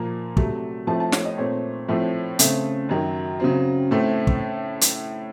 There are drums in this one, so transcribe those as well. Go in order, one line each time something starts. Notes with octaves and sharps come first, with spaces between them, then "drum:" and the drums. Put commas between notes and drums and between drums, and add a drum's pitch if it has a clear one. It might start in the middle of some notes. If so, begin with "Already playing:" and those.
Already playing: A#2 F3 A#3
C3 F#3 A3, drum: kick
A2 F3 A3 C4 A5
A5
C#5, drum: snare
D#5
A#2 A3 C4 C#5
A2 F3 A3 C4
C#3 A3 C4, drum: hi-hat
F#2 D#3 F#3
C#3 F#3 C4
A2 A3 C4
drum: kick
drum: hi-hat